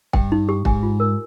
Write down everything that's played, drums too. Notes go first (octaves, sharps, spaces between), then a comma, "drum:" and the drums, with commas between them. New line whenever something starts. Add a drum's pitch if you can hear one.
G2 G5, drum: kick
D#4
G4
G#2 G#5, drum: kick
F4
A#4